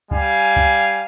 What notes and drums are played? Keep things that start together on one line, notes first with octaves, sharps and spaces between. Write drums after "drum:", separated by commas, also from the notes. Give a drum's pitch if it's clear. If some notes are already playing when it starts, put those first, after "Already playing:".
G3 F5 G#5, drum: kick
drum: kick